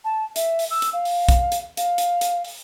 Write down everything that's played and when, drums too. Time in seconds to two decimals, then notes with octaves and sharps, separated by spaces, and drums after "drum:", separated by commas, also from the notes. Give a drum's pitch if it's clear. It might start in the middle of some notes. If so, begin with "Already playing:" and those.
0.05 A5
0.36 E5, drum: hi-hat
0.59 drum: open hi-hat
0.71 E6
0.82 drum: hi-hat
0.93 F5
1.05 drum: open hi-hat
1.29 drum: kick, hi-hat
1.52 drum: hi-hat
1.77 F5, drum: hi-hat
1.98 drum: hi-hat
2.21 drum: hi-hat
2.44 drum: open hi-hat